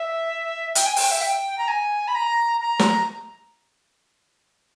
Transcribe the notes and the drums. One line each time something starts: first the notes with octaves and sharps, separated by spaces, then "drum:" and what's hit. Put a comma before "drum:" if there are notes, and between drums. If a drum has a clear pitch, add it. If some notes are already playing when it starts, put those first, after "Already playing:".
Already playing: E5
G5, drum: hi-hat
G#5
G5, drum: open hi-hat
E5
G5
A#5
G#5
B5
A#5
A#5
drum: snare